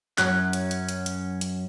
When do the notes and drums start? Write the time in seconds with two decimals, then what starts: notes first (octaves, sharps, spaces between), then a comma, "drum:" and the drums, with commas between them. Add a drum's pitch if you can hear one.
0.18 F#2 F#3 C#4 F#6, drum: clap
0.53 drum: hi-hat
0.71 drum: hi-hat
0.89 drum: hi-hat
1.06 drum: hi-hat
1.41 drum: hi-hat